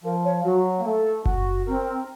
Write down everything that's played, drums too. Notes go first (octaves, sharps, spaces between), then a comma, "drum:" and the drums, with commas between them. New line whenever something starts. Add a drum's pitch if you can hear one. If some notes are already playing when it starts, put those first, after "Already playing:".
F3 A#4
C#5
F#3 F#4
A#3
A3 A4
F#4, drum: kick F#1
C4 A#4